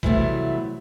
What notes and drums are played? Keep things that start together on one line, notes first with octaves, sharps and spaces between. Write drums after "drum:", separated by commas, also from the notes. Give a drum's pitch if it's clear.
C3 E3 F#3 G3 A3 B3, drum: kick